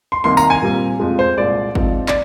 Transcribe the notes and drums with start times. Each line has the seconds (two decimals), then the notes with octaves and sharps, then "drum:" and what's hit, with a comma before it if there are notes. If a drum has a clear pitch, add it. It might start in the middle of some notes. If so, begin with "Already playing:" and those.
0.12 C6
0.24 C2 C3 D#3 A#3 C6
0.37 A#5, drum: tambourine
0.50 G#5
0.62 A#2 G3 C4
1.00 F2 C3 F3 G#3
1.19 C5
1.38 C2 A#2 G#3 D5
1.75 G#2 F3 C4, drum: kick
2.08 D5, drum: clap